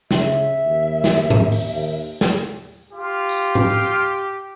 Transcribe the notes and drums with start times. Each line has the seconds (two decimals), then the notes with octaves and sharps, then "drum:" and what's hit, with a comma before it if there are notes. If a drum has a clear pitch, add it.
0.11 C#3 E5, drum: snare
0.65 D#2
1.04 drum: snare
1.30 drum: tom G#2
1.52 drum: open hi-hat
1.73 D#2
2.21 drum: snare
2.93 F4 G4
3.29 drum: tambourine
3.55 drum: tom G#2